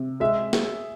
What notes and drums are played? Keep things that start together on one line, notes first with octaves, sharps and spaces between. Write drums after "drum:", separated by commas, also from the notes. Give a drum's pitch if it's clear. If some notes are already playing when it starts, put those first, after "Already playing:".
Already playing: C3
G#3 E5
G#4, drum: snare